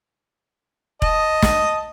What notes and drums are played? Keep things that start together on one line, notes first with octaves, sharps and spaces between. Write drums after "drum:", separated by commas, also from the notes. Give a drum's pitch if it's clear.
D#5 A5, drum: kick E1
drum: snare